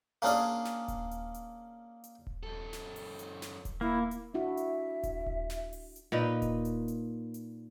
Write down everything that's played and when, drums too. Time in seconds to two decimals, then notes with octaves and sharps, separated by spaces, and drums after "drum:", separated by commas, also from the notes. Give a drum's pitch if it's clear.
0.22 A#3 C#4 D4 G#4 G#5
0.65 drum: snare
0.88 drum: kick D#1, hi-hat
1.11 drum: hi-hat
1.34 drum: hi-hat
2.04 drum: hi-hat
2.27 drum: kick D#1
2.43 F#2 A4
2.73 drum: snare
2.96 drum: open hi-hat
3.19 drum: hi-hat
3.42 drum: snare
3.65 drum: kick D#1, hi-hat
3.81 A#3 E4
4.11 drum: hi-hat
4.34 D4 E4 F#4 E5
4.57 drum: hi-hat
5.03 drum: kick D#1, hi-hat
5.26 drum: kick D#1
5.50 drum: snare
5.73 drum: open hi-hat
5.96 drum: hi-hat
6.12 A#2 D#4 B4
6.42 drum: kick D#1, hi-hat
6.65 drum: hi-hat
6.88 drum: hi-hat
7.34 drum: hi-hat